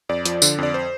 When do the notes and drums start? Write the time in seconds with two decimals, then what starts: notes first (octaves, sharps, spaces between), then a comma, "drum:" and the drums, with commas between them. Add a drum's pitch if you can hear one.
0.09 F2 D5
0.25 F3, drum: hi-hat
0.42 D3, drum: tambourine
0.58 F2 D5
0.74 C5